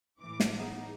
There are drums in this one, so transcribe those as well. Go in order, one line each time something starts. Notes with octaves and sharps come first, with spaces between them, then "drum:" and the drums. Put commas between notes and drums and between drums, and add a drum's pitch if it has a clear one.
A2 E3 D6
drum: snare
B3 D#4 G#4